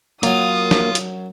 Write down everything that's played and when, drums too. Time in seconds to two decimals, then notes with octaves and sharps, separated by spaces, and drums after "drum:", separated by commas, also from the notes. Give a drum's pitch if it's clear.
0.23 F#2 F#3 A#3 F4 D#6, drum: hi-hat
0.71 drum: snare
0.95 drum: hi-hat